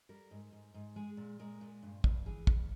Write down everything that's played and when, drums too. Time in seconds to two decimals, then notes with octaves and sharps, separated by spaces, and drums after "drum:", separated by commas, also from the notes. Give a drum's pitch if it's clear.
0.09 G3 A#4
0.31 G#2
0.52 G#2
0.74 G#2
0.96 G#3 G#4
1.17 A#2
1.39 G#3 A#4
1.61 A#2
1.82 G2
2.04 G2, drum: kick
2.26 E3 G#4
2.47 G2, drum: kick